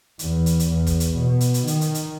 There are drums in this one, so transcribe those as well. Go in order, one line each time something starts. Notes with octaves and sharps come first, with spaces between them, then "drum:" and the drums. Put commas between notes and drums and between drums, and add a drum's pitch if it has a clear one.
E2, drum: hi-hat
drum: hi-hat
drum: hi-hat
E2
drum: kick, hi-hat
drum: hi-hat
B2
drum: hi-hat
drum: hi-hat
D#3, drum: hi-hat
drum: hi-hat
drum: hi-hat